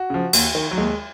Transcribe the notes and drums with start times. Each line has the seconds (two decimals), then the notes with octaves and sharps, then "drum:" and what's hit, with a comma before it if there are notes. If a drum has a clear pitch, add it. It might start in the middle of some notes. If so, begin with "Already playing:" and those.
Already playing: F#4
0.10 C#3 F3
0.33 D#2, drum: cymbal
0.55 D#3
0.71 F#3
0.77 D#2 G#3